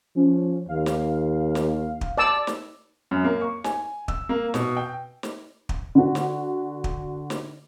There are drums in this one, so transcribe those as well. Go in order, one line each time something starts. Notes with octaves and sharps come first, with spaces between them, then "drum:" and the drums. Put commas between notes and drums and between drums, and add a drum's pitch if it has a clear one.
F3 C#4
D#2 F5
drum: snare
drum: snare
drum: kick
D5 A5 E6
drum: snare
F#2
A#3
C#6
G#5, drum: snare
E6, drum: kick
A#3
B2, drum: snare
G5
drum: snare
drum: kick
D3 F#4
drum: snare
drum: kick
drum: snare